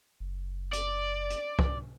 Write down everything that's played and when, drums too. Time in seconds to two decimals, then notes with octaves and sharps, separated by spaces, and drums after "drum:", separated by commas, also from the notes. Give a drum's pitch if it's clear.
0.20 F#1
0.73 D5, drum: hi-hat
1.30 drum: hi-hat
1.59 drum: kick C2